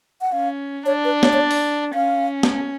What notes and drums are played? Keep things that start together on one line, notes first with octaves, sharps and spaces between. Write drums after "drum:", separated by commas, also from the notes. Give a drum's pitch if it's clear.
F#5
C#4 F5
D4 C#5
B4
C#5, drum: snare
C#5
D5
drum: open hi-hat
C#4 F5
drum: snare